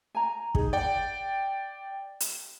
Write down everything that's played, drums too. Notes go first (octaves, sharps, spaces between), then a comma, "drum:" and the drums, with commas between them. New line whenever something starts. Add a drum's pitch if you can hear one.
G#5 A#5
D#4 G#4, drum: kick
D5 F#5 G5
drum: hi-hat